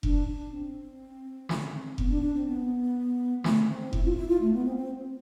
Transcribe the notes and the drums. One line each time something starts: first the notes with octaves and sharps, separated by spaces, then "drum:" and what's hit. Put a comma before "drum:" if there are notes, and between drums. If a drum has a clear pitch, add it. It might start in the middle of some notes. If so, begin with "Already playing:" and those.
D4, drum: kick F1
D4
C4
drum: snare
B3, drum: kick F1
D4
D4
C4
B3
A3, drum: snare
C4
E4, drum: kick F1
F4
E4
F4
A3
B3
C4
C4